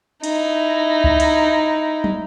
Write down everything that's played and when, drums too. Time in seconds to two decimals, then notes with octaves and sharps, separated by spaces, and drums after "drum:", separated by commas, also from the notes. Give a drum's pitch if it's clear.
0.24 D#4 E4, drum: cymbal
1.04 drum: kick C#2
1.20 drum: cymbal
2.04 drum: tom